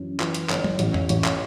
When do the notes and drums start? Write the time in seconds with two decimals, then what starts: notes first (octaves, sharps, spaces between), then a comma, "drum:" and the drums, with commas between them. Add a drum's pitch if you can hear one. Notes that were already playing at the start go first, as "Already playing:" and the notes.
Already playing: F#2 E3
0.20 E3, drum: clap
0.34 drum: hi-hat
0.49 G1, drum: clap
0.64 drum: tom
0.79 A1, drum: hi-hat
0.94 drum: tom F2
1.09 A1, drum: hi-hat
1.24 drum: clap